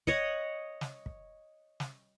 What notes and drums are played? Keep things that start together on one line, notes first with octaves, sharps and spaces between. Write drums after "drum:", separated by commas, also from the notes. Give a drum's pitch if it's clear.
C#5 D#5 F#5, drum: kick
drum: snare
drum: kick
drum: snare